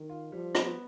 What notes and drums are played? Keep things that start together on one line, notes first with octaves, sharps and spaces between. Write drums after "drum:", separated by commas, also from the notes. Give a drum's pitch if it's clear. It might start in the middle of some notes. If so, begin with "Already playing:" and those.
Already playing: D#3
F4
F3 G3
B3, drum: rim click